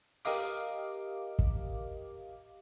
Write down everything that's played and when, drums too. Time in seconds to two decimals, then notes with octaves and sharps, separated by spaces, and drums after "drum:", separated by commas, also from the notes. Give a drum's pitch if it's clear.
0.25 G4 A#4 D#5 F5 D6, drum: open hi-hat
1.39 drum: kick